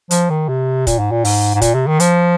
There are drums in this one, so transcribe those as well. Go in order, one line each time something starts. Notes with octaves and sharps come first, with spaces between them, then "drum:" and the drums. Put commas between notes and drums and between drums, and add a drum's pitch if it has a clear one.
F3, drum: hi-hat
D#3
C3
A#2, drum: kick, hi-hat
G#2
A#2
G#2, drum: open hi-hat
G#2
A#2, drum: kick, hi-hat
C3
D#3
F3, drum: hi-hat